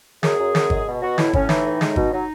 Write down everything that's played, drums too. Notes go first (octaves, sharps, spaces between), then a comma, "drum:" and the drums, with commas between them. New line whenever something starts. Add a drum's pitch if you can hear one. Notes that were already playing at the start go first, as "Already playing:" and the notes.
F#2 G#4, drum: snare
F#2
F#2, drum: snare
G#3, drum: kick
B2
B2 F#4
A2 E4, drum: snare
A2 C#4, drum: kick
E3 D#4, drum: snare
A2
G#3, drum: snare
B2, drum: kick
F#3 D#4